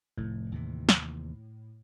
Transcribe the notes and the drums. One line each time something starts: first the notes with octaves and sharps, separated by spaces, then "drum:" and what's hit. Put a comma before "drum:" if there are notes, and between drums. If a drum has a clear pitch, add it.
F1 A2
D#2 C3 E3
drum: snare